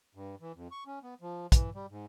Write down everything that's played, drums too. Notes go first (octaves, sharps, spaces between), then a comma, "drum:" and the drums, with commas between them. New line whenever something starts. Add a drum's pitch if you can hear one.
G2
E3
F2
C#6
C#4
B3
F3
E3, drum: kick, hi-hat
G3
G#2